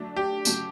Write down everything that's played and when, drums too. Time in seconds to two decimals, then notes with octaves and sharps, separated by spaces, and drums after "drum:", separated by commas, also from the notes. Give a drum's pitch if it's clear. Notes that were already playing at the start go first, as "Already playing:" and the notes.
Already playing: F#3 A3 D4
0.16 G4
0.45 C#3 F#3 A3, drum: tambourine